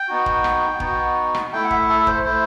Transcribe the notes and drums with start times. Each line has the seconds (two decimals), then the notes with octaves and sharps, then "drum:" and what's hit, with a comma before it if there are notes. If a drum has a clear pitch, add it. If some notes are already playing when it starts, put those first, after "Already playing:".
Already playing: G5
0.08 B3 D#4 F#4
0.26 drum: kick
0.44 drum: rim click
0.80 B3 D#4 F#4, drum: kick
1.35 drum: rim click
1.52 A3 E4 G5
1.64 F#5
1.71 E5, drum: kick
1.89 A4
2.07 C5, drum: kick
2.25 A3 E4 C5